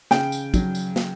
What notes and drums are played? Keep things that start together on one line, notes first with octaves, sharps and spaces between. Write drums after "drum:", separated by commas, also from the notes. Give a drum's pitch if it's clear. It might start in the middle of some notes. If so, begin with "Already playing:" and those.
C#3 G5, drum: snare
drum: tambourine
F#3, drum: kick, tambourine
drum: tambourine
drum: snare